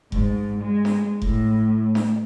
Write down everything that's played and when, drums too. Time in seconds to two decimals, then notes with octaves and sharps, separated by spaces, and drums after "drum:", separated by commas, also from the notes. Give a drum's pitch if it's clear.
0.12 G#2, drum: kick F1
0.60 G#3
0.85 drum: snare D4
1.22 A2, drum: kick F1
1.95 drum: snare D4